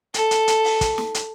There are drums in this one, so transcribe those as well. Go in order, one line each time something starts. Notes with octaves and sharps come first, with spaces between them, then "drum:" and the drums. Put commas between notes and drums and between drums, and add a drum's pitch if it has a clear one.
A4, drum: hi-hat
drum: hi-hat
drum: hi-hat
drum: open hi-hat
drum: kick, hi-hat
drum: snare
drum: hi-hat